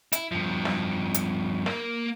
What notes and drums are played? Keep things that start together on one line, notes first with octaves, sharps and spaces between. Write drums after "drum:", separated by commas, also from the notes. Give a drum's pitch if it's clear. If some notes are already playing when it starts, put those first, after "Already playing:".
E4, drum: hi-hat
G2 F3
drum: snare
drum: hi-hat
A#3 A#4, drum: snare